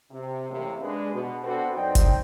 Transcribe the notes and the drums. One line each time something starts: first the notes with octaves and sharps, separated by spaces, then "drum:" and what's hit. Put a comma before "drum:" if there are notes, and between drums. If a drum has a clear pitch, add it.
C3
A1 F#2 A2 C3 A#3 G4
G#3 D4 B4
B2
B3 C4 D4 F#4 A4 B4
F#2 C4 D#4 D5 G5
drum: kick F#1, hi-hat